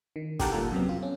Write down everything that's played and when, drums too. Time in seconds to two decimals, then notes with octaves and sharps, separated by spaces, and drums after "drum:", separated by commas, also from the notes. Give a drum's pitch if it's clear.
0.16 D#3
0.39 G4 A4 A#4 F#5 G5 A5, drum: snare
0.52 A#2 G3 F4 A4
0.72 F#2 C3 F#3 B3
0.89 F4
1.03 C#4